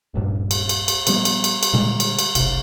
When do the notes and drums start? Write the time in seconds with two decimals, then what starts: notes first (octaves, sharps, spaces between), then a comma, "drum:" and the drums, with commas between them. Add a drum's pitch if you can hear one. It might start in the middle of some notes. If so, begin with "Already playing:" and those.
0.14 D1 A#1 G2
0.51 drum: cymbal
0.69 drum: cymbal
0.88 drum: cymbal
1.07 A#2 F3 G3 B3, drum: cymbal
1.25 drum: cymbal
1.44 drum: cymbal
1.63 drum: cymbal
1.73 A#2 D3 G3 G#3
2.00 drum: cymbal
2.19 drum: cymbal
2.35 F#1 C2, drum: cymbal